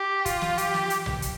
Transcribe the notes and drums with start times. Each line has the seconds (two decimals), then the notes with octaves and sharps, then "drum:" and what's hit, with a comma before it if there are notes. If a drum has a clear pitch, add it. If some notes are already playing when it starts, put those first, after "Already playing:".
Already playing: G4
0.26 F4, drum: kick, hi-hat
0.42 drum: snare
0.58 G4, drum: hi-hat
0.74 drum: snare
0.90 drum: hi-hat
1.06 drum: tom B1
1.22 drum: kick, hi-hat